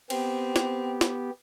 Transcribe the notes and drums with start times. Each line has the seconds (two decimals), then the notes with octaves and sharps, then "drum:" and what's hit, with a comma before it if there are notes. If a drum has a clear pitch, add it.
0.10 B3 C4 G4, drum: cymbal
0.56 drum: snare
1.01 drum: snare